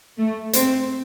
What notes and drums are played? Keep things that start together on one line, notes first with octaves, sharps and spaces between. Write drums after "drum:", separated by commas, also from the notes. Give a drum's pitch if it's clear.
A3
C4, drum: hi-hat